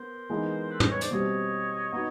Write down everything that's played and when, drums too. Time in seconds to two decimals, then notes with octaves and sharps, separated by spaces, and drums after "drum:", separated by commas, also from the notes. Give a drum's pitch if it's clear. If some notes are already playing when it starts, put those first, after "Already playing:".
Already playing: B3 A#4 C5
0.30 E3 G#3 B3 D#4
0.70 A4 B4
0.80 A#4 C5, drum: tom
0.91 B4 C#5
1.01 C5 D5, drum: hi-hat
1.11 B2 G3 C4 C#5 D#5
1.93 B3 D#4 F#4